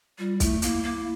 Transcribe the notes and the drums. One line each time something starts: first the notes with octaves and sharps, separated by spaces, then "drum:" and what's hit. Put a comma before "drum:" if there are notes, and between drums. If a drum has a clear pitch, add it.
G3 F4
A3 E4, drum: kick, hi-hat
A#3 E4, drum: hi-hat
A#3